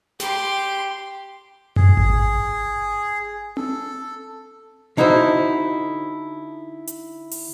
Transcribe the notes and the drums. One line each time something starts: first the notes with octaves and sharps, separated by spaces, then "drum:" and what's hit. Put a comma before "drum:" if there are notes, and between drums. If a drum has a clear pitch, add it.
G4 C6, drum: snare
G#4, drum: tom F#2
drum: kick G#1
A4, drum: tom C4
D3 D#4 E4 F#4 C5
drum: hi-hat
drum: open hi-hat